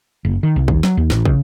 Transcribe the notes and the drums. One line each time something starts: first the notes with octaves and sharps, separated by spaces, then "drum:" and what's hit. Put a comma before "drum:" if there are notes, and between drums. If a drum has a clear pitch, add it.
F#1
D#3
C2
D#2, drum: kick
F#3, drum: snare
D#2
A1, drum: snare
C#3, drum: kick